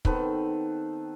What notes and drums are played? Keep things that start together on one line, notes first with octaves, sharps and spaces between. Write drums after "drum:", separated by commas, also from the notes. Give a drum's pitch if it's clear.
D#3 B3 C4 A4, drum: kick